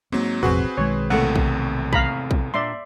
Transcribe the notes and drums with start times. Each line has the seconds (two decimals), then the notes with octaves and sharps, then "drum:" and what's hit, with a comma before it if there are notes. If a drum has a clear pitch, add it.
0.12 G#2 F#3 A#3 C4
0.43 E1 A1 F2 C4 F#4 G#4 B4
0.77 B1 D#3 G#3 C#5
1.10 G#1 E2 A2 C3 A3 A#3 F#5
1.36 drum: kick A#1
1.93 F5 A#5 B5, drum: kick A#1
2.31 drum: kick A#1
2.54 A#2 D4 D5 E5 C6